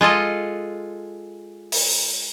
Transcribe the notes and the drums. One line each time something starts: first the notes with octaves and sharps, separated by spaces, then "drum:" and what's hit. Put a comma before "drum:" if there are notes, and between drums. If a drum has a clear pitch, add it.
G#3 F4 A4 D#5
drum: open hi-hat